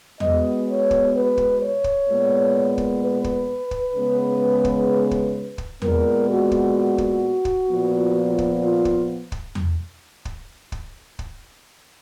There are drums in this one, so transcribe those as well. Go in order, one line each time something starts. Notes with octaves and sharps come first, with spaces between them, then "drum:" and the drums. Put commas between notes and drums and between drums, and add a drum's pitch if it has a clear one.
B2 G#3 B3 D#5, drum: tom E2
C#5
drum: kick
B4
drum: kick
C#5
drum: kick
A#2 G#3 B3
drum: kick
B4
drum: kick
drum: kick
C#3 G#3 B3
drum: kick
drum: kick
drum: kick
A#2 G#3 B3 A#4, drum: tom E2
F#4
drum: kick
drum: kick
drum: kick
A#2 F3 B3
drum: kick
F4
drum: kick
drum: kick
drum: tom E2
drum: kick
drum: kick
drum: kick